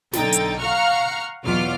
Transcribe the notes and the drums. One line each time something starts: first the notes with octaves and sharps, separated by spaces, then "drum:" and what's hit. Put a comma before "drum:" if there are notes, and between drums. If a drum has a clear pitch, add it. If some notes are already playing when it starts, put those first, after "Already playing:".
B1 D3 D#4 G5 A6, drum: snare
drum: hi-hat
F5 F#5 A#5 C#6 F6
E2 B2 F#3 F4 D6 F6